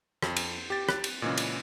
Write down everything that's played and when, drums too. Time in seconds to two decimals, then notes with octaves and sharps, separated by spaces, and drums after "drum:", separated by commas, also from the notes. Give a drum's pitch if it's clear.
0.23 F2, drum: rim click
0.36 drum: cymbal
0.70 G4 A6
0.89 F#6, drum: rim click
1.04 drum: cymbal
1.22 A#2 C#3 E3 G#3
1.37 drum: cymbal